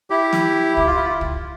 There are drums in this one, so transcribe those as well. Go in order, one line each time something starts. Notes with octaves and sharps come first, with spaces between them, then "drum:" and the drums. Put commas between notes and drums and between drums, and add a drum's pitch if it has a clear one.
E4 G4
drum: snare
E4, drum: kick
F4
E4
F4
drum: kick